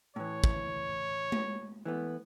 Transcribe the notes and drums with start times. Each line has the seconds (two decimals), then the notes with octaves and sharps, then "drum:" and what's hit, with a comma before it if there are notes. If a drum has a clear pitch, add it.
0.16 A2 E3 C#5
0.44 drum: kick
1.32 drum: tom G#3
1.85 E3 A3 B3